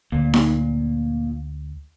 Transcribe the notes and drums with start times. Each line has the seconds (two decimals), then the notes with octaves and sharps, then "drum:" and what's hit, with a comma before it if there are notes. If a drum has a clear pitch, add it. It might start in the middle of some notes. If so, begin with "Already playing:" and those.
0.12 D2 A#2
0.34 drum: snare D#4